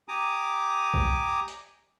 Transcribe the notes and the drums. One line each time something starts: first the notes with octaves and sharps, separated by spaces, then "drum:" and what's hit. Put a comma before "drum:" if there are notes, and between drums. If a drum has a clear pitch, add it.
G4 G#5 A#5 D6 D#6
drum: kick B1
drum: hi-hat